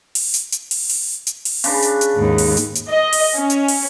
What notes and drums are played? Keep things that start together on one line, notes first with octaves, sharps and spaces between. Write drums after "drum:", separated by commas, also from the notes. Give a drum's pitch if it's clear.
drum: open hi-hat
drum: hi-hat
drum: hi-hat
drum: open hi-hat
drum: open hi-hat
drum: hi-hat
drum: open hi-hat
C#3 D4 B4, drum: open hi-hat
drum: hi-hat
drum: hi-hat
D#2 G#2
drum: open hi-hat
drum: hi-hat
drum: hi-hat
D#5
drum: open hi-hat
C#4
drum: hi-hat
drum: open hi-hat